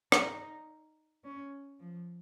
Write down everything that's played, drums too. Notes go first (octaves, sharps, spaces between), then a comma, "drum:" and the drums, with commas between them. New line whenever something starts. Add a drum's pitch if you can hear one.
D#4, drum: rim click
C#4
F3